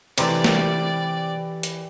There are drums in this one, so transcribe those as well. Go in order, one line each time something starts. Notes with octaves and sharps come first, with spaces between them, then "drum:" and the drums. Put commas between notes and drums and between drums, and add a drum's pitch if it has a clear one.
C3 E3 G3 A3 B4 D5, drum: cymbal
drum: snare
drum: hi-hat